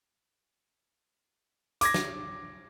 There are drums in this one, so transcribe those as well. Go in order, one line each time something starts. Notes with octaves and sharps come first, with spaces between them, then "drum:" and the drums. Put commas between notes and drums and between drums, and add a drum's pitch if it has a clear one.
D6 G#6 A#6, drum: hi-hat
drum: snare